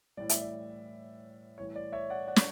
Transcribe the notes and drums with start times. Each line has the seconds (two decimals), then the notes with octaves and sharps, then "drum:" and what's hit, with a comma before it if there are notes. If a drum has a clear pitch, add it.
0.17 A2 E3 G3 D5
0.29 E5, drum: hi-hat
0.41 D5
1.57 A2 E3 G3 C#5
1.76 D5
1.92 C#5 E5
2.10 D5 F#5
2.28 D5 F#5
2.36 C#6, drum: snare